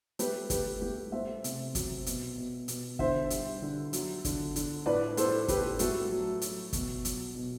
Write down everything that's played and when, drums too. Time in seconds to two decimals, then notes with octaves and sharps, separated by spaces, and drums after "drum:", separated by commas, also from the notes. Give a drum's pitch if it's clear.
0.19 A3 G4 B4, drum: hi-hat
0.50 A3 G4 B4, drum: kick F#1, hi-hat
0.82 A3 G4
1.12 A3 C5 E5
1.44 C3, drum: hi-hat
1.75 F#3, drum: kick F#1, hi-hat
2.06 B2, drum: hi-hat
2.38 B2
2.68 B2, drum: hi-hat
2.99 D3 C5 E5, drum: kick F#1
3.30 G3, drum: hi-hat
3.62 D3
3.93 F#3, drum: hi-hat
4.25 D3, drum: kick F#1, hi-hat
4.56 D3, drum: hi-hat
4.86 A2 B4 D5
5.17 A2 A4 C5, drum: hi-hat
5.48 A2 G4 B4, drum: kick F#1, hi-hat
5.79 A3 F#4 A4, drum: hi-hat
6.11 F#3
6.42 F#3, drum: hi-hat
6.73 B2, drum: kick F#1, hi-hat
7.05 F#3, drum: hi-hat
7.35 B2